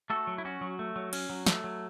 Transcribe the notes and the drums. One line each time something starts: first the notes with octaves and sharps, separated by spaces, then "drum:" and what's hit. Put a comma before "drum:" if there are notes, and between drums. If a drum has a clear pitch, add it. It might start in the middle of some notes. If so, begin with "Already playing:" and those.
A3 F#4 A4
F#3
E4
C#4 F#4
F#3
A3
F#3
C#4, drum: cymbal
F#3
A3, drum: snare
F#3